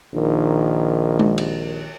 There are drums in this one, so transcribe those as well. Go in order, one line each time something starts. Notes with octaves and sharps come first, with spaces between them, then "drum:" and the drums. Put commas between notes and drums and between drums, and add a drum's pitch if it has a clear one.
A#1 D#3
drum: tom G#3
drum: cymbal